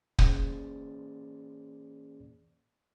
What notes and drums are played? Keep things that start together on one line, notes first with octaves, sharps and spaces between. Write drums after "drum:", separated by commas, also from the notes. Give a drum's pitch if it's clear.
E3 A#3 C#4 G#4 C5 D5, drum: kick